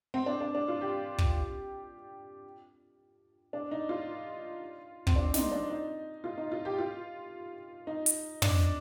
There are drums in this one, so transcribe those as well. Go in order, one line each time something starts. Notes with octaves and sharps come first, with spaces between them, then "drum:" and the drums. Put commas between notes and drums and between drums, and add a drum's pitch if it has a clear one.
C4
D4
D4
D4
F4
G4
drum: kick
D4
D#4
F4
C4, drum: kick
D4
D#4, drum: snare
D4
D#4
F4
D#4
F4
G4
F4
D#4
drum: hi-hat
D4, drum: tom